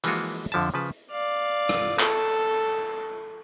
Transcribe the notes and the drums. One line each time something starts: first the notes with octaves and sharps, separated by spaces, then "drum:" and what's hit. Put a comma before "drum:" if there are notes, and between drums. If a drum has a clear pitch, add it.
E3 F3 G#3 A#3 F4 F#4, drum: hi-hat
F2 D3 F3 E5 A5
C#3 F3 B4 A5
D5 F5
drum: rim click
A4, drum: clap